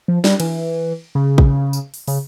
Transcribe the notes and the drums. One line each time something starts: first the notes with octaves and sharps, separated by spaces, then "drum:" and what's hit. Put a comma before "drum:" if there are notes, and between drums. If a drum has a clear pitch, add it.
F3
G3, drum: snare
E3, drum: cymbal
C#3
drum: kick A1
drum: tambourine
drum: open hi-hat
C#3, drum: open hi-hat